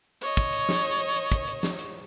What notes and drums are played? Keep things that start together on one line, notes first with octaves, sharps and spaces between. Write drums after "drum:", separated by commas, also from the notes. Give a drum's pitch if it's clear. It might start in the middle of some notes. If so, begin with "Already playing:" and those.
C#5 D#5, drum: hi-hat
drum: kick, hi-hat
drum: hi-hat
drum: snare
drum: hi-hat
drum: hi-hat
drum: hi-hat
drum: kick, hi-hat
drum: hi-hat
drum: snare
drum: hi-hat